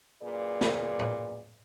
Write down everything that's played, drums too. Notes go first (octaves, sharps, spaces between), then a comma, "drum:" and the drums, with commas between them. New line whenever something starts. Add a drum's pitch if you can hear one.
F#2 A#2 G#4 B4 D5
drum: snare
drum: tom A2